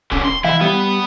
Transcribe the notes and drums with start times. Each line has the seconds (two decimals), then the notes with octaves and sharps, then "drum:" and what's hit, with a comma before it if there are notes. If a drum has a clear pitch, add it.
0.12 D3 C#4, drum: kick
0.25 C6
0.44 E3 E4 E5 F5
0.61 G3 B3